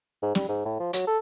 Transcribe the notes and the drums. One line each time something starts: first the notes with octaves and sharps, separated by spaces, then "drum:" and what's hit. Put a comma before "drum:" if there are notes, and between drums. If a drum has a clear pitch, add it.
G#2
G3, drum: snare
G#2
A2
F3
F#3, drum: hi-hat
A4